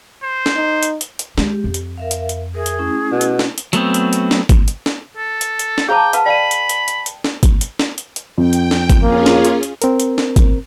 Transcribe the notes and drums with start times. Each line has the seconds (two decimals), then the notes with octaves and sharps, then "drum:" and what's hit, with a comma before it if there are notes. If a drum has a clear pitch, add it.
0.23 C5
0.46 drum: snare
0.57 D#4
0.83 drum: hi-hat
1.01 drum: hi-hat
1.19 drum: hi-hat
1.38 G#3 G4, drum: snare
1.64 F2
1.74 drum: hi-hat
1.98 A#4 E5 F5
2.11 drum: hi-hat
2.29 drum: hi-hat
2.55 G#4 A#4 E5
2.66 drum: hi-hat
2.79 A3 C#4 E4
3.12 B2
3.21 drum: hi-hat
3.39 drum: snare
3.58 drum: hi-hat
3.73 F#3 A3 B3 C4, drum: hi-hat
3.94 drum: hi-hat
4.13 drum: hi-hat
4.31 drum: snare
4.49 drum: kick, hi-hat
4.68 drum: hi-hat
4.86 drum: snare
5.17 A4
5.41 drum: hi-hat
5.59 drum: hi-hat
5.78 drum: snare
5.89 G#4 C5 F5 G5 A5 A#5 D6
6.13 B4 F5 F#5 A5 B5, drum: hi-hat
6.26 D5 F5 G5 A5 B5 D#7
6.51 drum: hi-hat
6.69 drum: hi-hat
6.88 drum: hi-hat
7.06 drum: hi-hat
7.24 drum: snare
7.43 drum: kick, hi-hat
7.61 drum: hi-hat
7.79 drum: snare
7.98 drum: hi-hat
8.16 drum: hi-hat
8.38 F2 G5
8.53 drum: hi-hat
8.71 drum: snare
8.90 drum: kick, hi-hat
9.03 A#3 C#4 F4 G#4
9.26 drum: snare
9.45 drum: hi-hat
9.63 drum: hi-hat
9.82 C4 A#4, drum: hi-hat
10.00 drum: hi-hat
10.18 drum: snare
10.36 drum: kick, hi-hat